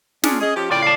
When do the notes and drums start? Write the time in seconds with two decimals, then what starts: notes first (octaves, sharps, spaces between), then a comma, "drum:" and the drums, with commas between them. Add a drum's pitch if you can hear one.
0.24 C#4 D4 F4 G#4, drum: snare
0.40 G#4 D#5
0.55 F3 C#4 G4
0.70 A2 C#3 F4 D5 G5
0.82 F5 A5